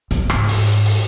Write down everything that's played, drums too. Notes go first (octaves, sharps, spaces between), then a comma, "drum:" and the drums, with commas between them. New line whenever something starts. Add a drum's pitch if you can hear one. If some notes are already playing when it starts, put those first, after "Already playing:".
G#2, drum: hi-hat
drum: rim click
drum: open hi-hat
drum: hi-hat
drum: open hi-hat